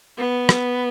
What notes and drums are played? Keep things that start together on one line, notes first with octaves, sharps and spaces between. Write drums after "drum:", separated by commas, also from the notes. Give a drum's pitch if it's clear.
B3
drum: rim click